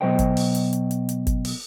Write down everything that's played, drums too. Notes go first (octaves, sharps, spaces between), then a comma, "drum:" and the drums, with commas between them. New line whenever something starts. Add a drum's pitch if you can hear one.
B2 F#3 C5 D#5 G5
drum: kick G#1, hi-hat
drum: open hi-hat
drum: hi-hat
drum: hi-hat
drum: hi-hat
drum: hi-hat
drum: kick G#1, hi-hat
drum: open hi-hat